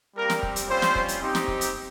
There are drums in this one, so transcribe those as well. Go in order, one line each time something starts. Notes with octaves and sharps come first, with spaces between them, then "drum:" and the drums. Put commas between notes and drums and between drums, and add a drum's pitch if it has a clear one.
G3 A#3 C4 G4 A#4
drum: snare
drum: kick
drum: hi-hat
G3 C4 C#4 F4 C5
drum: snare
drum: kick
drum: hi-hat
C4 D#4 G4
drum: snare
drum: kick
drum: hi-hat